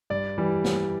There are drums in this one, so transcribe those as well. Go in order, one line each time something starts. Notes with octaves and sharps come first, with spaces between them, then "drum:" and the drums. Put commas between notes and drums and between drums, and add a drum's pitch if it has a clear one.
G2 D5
E3 G3
drum: snare